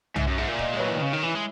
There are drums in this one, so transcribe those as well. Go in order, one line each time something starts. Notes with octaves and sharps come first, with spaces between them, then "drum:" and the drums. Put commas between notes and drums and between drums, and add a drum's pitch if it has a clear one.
G#2 E5, drum: tom
F#2
G#2 E5
A#2
D#5, drum: kick
G#3 C#5
F#3 B4
E3
D#3
C#3 C#5
D#3
E3 E4
G#3